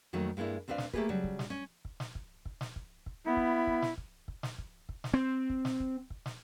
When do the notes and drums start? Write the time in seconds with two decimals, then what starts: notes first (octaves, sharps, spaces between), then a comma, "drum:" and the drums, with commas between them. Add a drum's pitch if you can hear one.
0.13 F2 D#3 F#3 A3 A#3 D#4
0.37 G2 G#3 A#3 D4 E4
0.68 D2 C4 D4 B4 F5
0.78 drum: snare
0.93 A3 A#3 D4 G4 G#4 B4, drum: kick
1.09 C#3 F#3 G3
1.24 drum: kick
1.39 drum: snare
1.50 C#4
1.85 drum: kick
2.00 drum: snare
2.15 drum: kick
2.46 drum: kick
2.61 drum: snare
2.76 drum: kick
3.06 drum: kick
3.26 B3 E4
3.37 drum: kick
3.67 drum: kick
3.82 drum: snare
3.98 drum: kick
4.28 drum: kick
4.43 drum: snare
4.58 drum: kick
4.89 drum: kick
5.04 drum: snare
5.14 C4
5.50 drum: kick
5.65 drum: snare
5.80 drum: kick
6.10 drum: kick
6.26 drum: snare